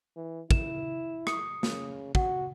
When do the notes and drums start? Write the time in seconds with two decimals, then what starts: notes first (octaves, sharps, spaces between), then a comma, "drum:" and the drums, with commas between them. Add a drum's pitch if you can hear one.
0.16 E3
0.51 E4 E7, drum: kick
1.27 D#6 C#7, drum: rim click
1.63 C#3, drum: snare
2.15 F#4 F#5, drum: kick